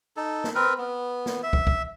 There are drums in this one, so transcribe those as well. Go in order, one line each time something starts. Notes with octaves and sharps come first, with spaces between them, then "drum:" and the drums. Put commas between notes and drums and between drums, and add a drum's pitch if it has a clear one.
D#4 A4
drum: snare
C4 A#4 B4
B3
drum: snare
E5
drum: kick
drum: kick